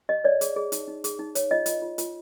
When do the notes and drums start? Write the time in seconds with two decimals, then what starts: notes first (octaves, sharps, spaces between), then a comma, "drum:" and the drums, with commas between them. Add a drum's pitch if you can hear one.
0.09 G4 D#5
0.24 C#5 D5
0.41 G#4, drum: hi-hat
0.56 G#4
0.72 D#4, drum: hi-hat
0.88 D#4
1.04 G#4, drum: hi-hat
1.19 D#4
1.35 C#5, drum: hi-hat
1.51 F4 D#5
1.66 F4, drum: hi-hat
1.82 F4
1.98 F4, drum: hi-hat